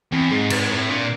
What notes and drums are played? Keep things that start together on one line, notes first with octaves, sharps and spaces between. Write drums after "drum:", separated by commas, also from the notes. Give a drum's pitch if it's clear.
E2 C4
G#2 G#4
G#2 B4, drum: cymbal
A2 C4
A#2 D4